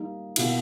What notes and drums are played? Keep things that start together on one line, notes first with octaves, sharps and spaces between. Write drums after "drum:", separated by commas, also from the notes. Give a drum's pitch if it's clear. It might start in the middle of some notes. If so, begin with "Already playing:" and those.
Already playing: G3 A#3 D#4
B2 A#3 E4, drum: cymbal